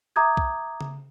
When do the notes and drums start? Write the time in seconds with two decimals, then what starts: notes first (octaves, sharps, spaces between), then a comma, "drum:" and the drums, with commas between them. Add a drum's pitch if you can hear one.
0.16 E5 A#5 D6 D#6 G6 G#6
0.37 drum: kick B1
0.81 drum: tom C#3